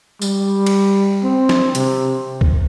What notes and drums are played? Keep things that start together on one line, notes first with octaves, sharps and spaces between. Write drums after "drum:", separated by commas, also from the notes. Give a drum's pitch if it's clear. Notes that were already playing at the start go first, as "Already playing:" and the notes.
G3, drum: tambourine
drum: cymbal
C4
drum: snare
C3, drum: hi-hat
drum: kick C2